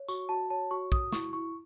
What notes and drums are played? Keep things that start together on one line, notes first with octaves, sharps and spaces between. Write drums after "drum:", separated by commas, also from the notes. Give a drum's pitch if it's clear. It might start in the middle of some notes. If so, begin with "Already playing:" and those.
Already playing: C#5
F#4 C#6, drum: tambourine
F#4 A5
C#5 A5
F#4 C#6
F#4 D#6, drum: kick
E4 C#6, drum: snare
E4 C#6